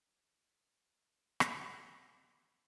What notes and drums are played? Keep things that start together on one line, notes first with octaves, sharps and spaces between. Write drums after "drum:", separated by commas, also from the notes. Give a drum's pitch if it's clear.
F4 G4
drum: rim click